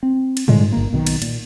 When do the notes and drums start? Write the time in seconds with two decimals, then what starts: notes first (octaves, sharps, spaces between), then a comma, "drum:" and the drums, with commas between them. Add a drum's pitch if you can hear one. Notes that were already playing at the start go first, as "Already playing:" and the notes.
0.03 C4
0.37 drum: cymbal
0.48 A#2 D3 G3 G#3, drum: tom
0.72 G1 A#3
0.93 B1 B2 D#3
1.07 drum: cymbal
1.22 A#2, drum: cymbal